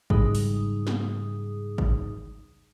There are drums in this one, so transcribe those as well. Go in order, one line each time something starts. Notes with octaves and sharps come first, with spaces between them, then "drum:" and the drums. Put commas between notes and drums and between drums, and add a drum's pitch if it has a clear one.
G#2 C#3 G3 D#4 G#4 D#6, drum: kick G#1
drum: open hi-hat
drum: snare
drum: kick G#1